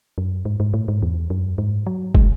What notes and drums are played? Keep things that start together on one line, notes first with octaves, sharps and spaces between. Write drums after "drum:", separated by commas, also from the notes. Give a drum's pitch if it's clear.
F#2
G#2
G#2
A2
G#2
E2
F#2
G#2
F#3
G#3, drum: kick